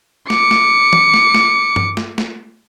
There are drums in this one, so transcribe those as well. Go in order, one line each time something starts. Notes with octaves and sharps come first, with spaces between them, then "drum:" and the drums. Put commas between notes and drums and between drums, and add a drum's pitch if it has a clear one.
D6 C#7, drum: snare
drum: snare
drum: tom E3
drum: snare
drum: snare
drum: tom G2
drum: snare
drum: snare